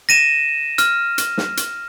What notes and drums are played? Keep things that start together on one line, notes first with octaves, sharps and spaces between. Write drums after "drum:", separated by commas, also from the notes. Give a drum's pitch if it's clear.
A#6 D#7 E7
F6, drum: hi-hat
drum: hi-hat
drum: snare
drum: hi-hat